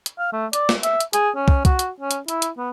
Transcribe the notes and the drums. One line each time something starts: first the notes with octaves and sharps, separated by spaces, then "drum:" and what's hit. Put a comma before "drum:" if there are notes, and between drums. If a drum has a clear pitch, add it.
drum: hi-hat
F5
A3
D5, drum: hi-hat
drum: snare
E5, drum: hi-hat
drum: hi-hat
G#4, drum: hi-hat
C#4
drum: kick
F#4, drum: kick, hi-hat
drum: hi-hat
C#4
drum: hi-hat
E4, drum: hi-hat
drum: hi-hat
B3